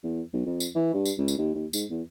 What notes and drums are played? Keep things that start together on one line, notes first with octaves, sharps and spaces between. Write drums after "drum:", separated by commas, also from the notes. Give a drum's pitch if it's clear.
E2
B1
F2
drum: tambourine
E3
G2
drum: tambourine
C#2
drum: tambourine
D#2
D#2
G#2, drum: tambourine
E2